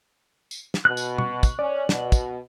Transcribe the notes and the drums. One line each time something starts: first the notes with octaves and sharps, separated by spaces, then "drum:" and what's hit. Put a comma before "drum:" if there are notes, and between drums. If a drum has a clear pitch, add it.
drum: tambourine
drum: snare
B2 F#6
drum: tambourine
C#6, drum: tom B2
drum: kick, tambourine
C#4 D5
B2, drum: snare
drum: kick, tambourine